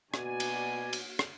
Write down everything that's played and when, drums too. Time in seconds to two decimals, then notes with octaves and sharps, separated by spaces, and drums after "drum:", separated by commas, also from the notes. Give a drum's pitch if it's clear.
0.14 B2 A#3 F#4 D5 G#5, drum: rim click
0.40 drum: cymbal
0.93 drum: cymbal
1.19 drum: rim click